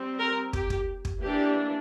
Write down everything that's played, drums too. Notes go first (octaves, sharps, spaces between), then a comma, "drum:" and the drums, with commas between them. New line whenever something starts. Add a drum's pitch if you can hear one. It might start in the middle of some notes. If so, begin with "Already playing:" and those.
Already playing: G3 C4
A#4
G4, drum: kick
drum: kick
drum: kick
E3 A#3 D4 G4